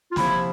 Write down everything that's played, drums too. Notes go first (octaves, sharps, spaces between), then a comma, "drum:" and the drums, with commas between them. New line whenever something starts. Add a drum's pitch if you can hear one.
F4
C3 F3 A#3 E4, drum: snare